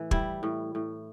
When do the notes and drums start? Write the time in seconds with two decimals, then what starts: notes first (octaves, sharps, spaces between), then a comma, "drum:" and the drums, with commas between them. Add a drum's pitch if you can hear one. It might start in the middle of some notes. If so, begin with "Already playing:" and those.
Already playing: A2 E3
0.11 G3 E4, drum: kick
0.43 A2
0.75 A2